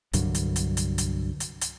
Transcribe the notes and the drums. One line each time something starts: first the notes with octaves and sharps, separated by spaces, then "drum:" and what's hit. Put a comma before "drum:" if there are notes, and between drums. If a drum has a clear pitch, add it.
C2 G2 D3 F#3, drum: hi-hat
drum: hi-hat
drum: hi-hat
drum: hi-hat
drum: hi-hat
drum: hi-hat
drum: hi-hat